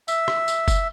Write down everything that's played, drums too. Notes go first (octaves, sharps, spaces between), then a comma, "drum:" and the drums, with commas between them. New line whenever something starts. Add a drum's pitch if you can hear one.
E5, drum: tambourine
drum: rim click
drum: tambourine
drum: kick F#1, tambourine